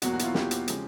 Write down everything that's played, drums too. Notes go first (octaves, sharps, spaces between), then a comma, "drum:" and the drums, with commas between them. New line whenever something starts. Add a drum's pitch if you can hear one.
E2 B2 F#3 A#3 F#4, drum: hi-hat
F#4
E4, drum: hi-hat
F4
G4, drum: snare
drum: hi-hat
C#3 F3 G#3, drum: hi-hat